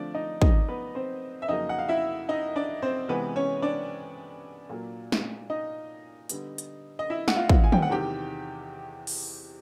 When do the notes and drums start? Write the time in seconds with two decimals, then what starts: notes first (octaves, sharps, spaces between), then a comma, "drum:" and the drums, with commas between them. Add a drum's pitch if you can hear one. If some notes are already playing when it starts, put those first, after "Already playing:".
Already playing: D3 F3 A3 C4 D4 D5
0.15 D#4 D#5
0.42 D#4 D#5, drum: kick
0.69 B3 B4
0.95 C4 C5
1.42 E5
1.48 F2 C#3 F#3 A#3 D#4 D#5
1.69 F#5
1.79 F5
1.88 E4 E5
2.29 D#4 D#5
2.56 D4 D5
2.82 C4 C5
3.09 C3 E3 G#3 B3 C4 B4
3.36 C#4 C#5
3.62 D4 D5
4.69 A#2 F#3 A#3
5.12 drum: snare
5.50 D#4 D#5
6.29 D3 G3 B3, drum: hi-hat
6.58 drum: hi-hat
6.99 D#5
7.10 E4 E5
7.28 F#5, drum: snare
7.36 F4 F5
7.49 drum: kick
7.64 G#5
7.72 G5, drum: tom
7.82 F#5
7.90 E2 C3 D#3 G4 G5
9.07 drum: open hi-hat